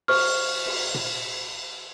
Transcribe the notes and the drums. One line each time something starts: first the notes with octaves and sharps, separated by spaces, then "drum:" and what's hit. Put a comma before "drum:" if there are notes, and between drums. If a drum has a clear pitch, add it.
C5 C#6 F6, drum: cymbal
drum: cymbal
drum: tom A#2